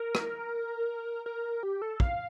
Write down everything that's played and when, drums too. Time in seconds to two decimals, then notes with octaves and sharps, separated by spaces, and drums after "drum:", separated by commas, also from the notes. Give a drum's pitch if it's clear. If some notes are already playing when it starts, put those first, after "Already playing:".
Already playing: A#4
0.15 drum: rim click
1.26 A#4
1.63 G4
1.82 A4
2.00 F5, drum: kick